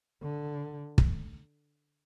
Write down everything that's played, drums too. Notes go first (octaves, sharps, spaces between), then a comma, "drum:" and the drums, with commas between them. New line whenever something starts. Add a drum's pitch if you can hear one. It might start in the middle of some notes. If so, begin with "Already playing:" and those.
D3
drum: kick